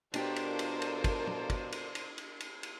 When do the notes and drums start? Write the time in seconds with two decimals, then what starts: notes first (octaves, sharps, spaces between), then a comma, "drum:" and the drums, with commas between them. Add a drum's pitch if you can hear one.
0.14 B2 D4 F4 G4 A4 A#4 C5 D5, drum: cymbal
0.36 drum: cymbal
0.59 drum: cymbal
0.82 drum: cymbal
1.04 drum: kick, cymbal
1.27 drum: tom
1.50 drum: kick, cymbal
1.72 drum: cymbal
1.95 drum: cymbal
2.18 drum: cymbal
2.40 drum: cymbal
2.63 drum: cymbal